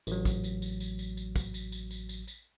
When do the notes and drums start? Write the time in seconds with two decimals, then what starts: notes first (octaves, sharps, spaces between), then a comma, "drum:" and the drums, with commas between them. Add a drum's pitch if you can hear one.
0.07 A1 F#3, drum: tambourine
0.25 drum: kick, tambourine
0.44 drum: tambourine
0.62 drum: tambourine
0.80 drum: tambourine
0.99 drum: tambourine
1.17 drum: tambourine
1.36 drum: kick, tambourine
1.54 drum: tambourine
1.72 drum: tambourine
1.91 drum: tambourine
2.09 drum: tambourine
2.27 drum: tambourine